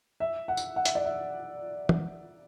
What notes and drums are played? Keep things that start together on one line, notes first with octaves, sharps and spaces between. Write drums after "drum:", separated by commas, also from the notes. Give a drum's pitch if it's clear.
E5
F#5
drum: tambourine
F#5
E5, drum: hi-hat
D5
E5
drum: tom